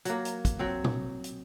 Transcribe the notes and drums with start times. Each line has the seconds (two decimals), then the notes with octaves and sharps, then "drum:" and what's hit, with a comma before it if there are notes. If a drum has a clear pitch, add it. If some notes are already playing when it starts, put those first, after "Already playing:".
0.05 F#3 A#3, drum: hi-hat
0.25 drum: hi-hat
0.45 drum: kick, hi-hat
0.59 F#3 C4
0.84 drum: tom A#2
1.24 drum: hi-hat